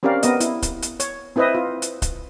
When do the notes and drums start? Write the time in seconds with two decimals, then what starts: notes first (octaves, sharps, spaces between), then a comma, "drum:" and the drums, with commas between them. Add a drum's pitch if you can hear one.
0.03 C4 C#4 G4 A#4 D5 F5
0.23 B3 A#4 D#5, drum: hi-hat
0.40 E4, drum: hi-hat
0.62 drum: kick D1, hi-hat
0.82 drum: hi-hat
1.00 C#5, drum: hi-hat
1.36 C4 E4 B4 C5 D#5 E5
1.55 F4
1.82 drum: hi-hat
2.02 drum: kick D1, hi-hat